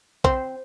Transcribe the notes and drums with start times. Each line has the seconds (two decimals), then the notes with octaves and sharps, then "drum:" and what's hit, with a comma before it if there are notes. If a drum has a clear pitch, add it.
0.24 C4 C5, drum: kick A#1